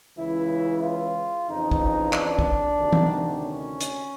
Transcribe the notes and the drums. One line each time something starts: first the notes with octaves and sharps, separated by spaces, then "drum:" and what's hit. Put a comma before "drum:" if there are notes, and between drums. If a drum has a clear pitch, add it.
C#2 C#3 E3 E4
F4
F2 C#3 E3 D#4
drum: kick
D4, drum: clap
drum: kick
D2 C3 D#3
drum: tom E3
C#4
drum: hi-hat